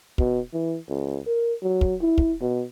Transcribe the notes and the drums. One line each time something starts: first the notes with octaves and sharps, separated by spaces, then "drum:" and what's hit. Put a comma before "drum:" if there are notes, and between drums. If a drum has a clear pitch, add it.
B2, drum: kick
E3
C#2
A#4
F#3
drum: kick
E4
drum: kick
B2